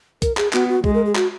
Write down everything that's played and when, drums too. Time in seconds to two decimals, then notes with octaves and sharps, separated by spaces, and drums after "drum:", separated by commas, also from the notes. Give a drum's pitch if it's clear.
0.22 A#4, drum: kick, hi-hat
0.37 G#4, drum: clap
0.53 B3 F#4, drum: clap
0.69 F#4
0.84 G#3 G#4, drum: kick
0.94 A#4
1.05 G#4
1.16 F#4, drum: clap